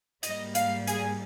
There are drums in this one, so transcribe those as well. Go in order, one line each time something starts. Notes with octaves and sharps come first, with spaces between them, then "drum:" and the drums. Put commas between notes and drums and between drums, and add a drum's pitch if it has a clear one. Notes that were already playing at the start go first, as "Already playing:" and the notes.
G#2 G3 A#3 D#5, drum: hi-hat
F5, drum: hi-hat
G#4, drum: hi-hat